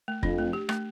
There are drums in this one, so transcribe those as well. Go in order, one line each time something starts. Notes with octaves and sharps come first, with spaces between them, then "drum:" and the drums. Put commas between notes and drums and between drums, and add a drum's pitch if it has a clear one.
A3
F2 D4, drum: kick F1
A3
G4
A3, drum: rim click